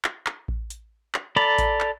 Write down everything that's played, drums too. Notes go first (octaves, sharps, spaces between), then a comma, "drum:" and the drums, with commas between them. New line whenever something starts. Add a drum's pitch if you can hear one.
drum: clap
drum: clap
drum: kick A1
drum: hi-hat
drum: clap
A4 D5 A#5 B5 D6
drum: kick A1, hi-hat
drum: clap